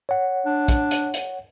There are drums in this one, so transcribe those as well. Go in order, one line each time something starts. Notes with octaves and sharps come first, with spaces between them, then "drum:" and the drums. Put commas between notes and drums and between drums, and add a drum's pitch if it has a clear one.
C#5 F#5
D4
drum: kick, hi-hat
drum: hi-hat
drum: hi-hat